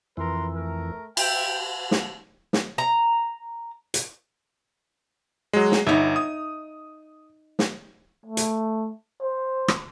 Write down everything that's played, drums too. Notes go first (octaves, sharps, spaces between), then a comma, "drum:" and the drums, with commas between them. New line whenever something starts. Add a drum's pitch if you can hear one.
F2 E3 A#4 B4 C6
A3 A#4
E5 G5 A5, drum: cymbal
drum: snare
drum: snare
A#5
drum: hi-hat
F#3 G#3
drum: snare
G1 D#4 E5
D#6
drum: snare
A3
drum: hi-hat
C5
drum: rim click